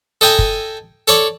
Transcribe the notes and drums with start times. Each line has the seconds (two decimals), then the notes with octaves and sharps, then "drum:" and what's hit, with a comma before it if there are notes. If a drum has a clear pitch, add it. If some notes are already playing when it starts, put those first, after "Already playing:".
0.21 A4 D#5 G5 G#5 A#5
0.39 drum: kick F#1
1.08 A4 C#5 D5, drum: hi-hat